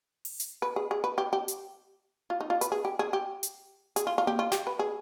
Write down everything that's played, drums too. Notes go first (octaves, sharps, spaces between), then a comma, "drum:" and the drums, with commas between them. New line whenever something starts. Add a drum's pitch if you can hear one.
drum: open hi-hat
drum: hi-hat
B4
G#4
G#4
B4
G4
G4
drum: hi-hat
F4
D#4
F4
B4, drum: hi-hat
G#4
G4
G#4
G4
drum: hi-hat
G#4, drum: hi-hat
F4
F4
G4, drum: tom A#3
F4
G4, drum: snare
B4
G#4